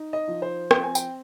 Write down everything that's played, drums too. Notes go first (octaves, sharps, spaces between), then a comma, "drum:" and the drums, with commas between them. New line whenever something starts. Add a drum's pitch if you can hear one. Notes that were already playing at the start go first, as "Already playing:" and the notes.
Already playing: D#4
D#5
F3
C5
C4 G5, drum: rim click
G#5
G5, drum: tambourine